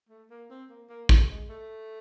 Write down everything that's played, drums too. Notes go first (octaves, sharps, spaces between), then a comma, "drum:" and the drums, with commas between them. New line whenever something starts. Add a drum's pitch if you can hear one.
A3
A#3
C4
A#3
A#3
A3, drum: kick
G#3
A3